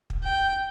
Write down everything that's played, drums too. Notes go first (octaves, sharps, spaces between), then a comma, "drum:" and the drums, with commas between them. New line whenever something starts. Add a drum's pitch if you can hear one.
drum: kick
G5